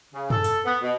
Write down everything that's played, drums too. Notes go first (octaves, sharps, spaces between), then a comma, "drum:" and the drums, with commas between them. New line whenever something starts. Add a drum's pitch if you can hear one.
C#3
A4, drum: tom
drum: open hi-hat
B3
B2